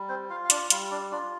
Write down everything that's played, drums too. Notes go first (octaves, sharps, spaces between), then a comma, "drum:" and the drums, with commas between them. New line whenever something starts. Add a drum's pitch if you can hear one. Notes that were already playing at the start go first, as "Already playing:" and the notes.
Already playing: G3
C4 C5
F4 F5
F5
D4 D5, drum: hi-hat
G3 F4 F5, drum: hi-hat
D4 D5
D4 F4 D5